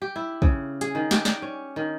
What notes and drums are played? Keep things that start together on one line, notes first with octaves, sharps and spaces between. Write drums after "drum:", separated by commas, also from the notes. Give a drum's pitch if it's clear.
G4
E4
C#3, drum: kick
G#4, drum: hi-hat
D#3
G4, drum: snare
D5, drum: snare
C#4
D#3